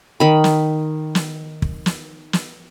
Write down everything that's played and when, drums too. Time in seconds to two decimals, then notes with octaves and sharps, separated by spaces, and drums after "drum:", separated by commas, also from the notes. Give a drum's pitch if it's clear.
0.20 D#3 B5
0.44 drum: snare
1.15 drum: snare
1.62 drum: kick
1.86 drum: snare
2.33 drum: snare